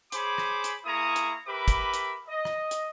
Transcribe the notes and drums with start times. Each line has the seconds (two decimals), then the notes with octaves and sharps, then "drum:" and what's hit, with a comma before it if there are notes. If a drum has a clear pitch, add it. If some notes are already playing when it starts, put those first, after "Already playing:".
0.12 G#4 C5 C#5 G#5 B5 D6, drum: hi-hat
0.38 drum: rim click
0.64 drum: hi-hat
0.85 A#3 E4 G#4 A#5 C#6 D#6
1.16 drum: hi-hat
1.47 G4 A#4 B4 E5 B5 D6
1.68 drum: kick, hi-hat
1.94 drum: hi-hat
2.28 D#5
2.45 drum: rim click
2.71 drum: hi-hat